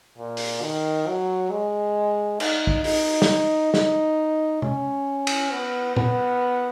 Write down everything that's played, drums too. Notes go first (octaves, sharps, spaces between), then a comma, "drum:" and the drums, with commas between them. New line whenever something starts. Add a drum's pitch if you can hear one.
A#2
drum: open hi-hat
D#3
F#3
G#3
D#4, drum: cymbal
drum: kick
D#4, drum: open hi-hat
drum: snare
D#4, drum: snare
C#4, drum: tom C3
drum: cymbal
B3
B3, drum: tom